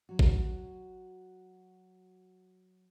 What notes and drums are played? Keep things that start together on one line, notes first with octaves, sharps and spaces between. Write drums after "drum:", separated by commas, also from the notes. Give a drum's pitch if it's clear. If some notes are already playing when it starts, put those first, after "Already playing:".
F#3 F#4
drum: kick G#1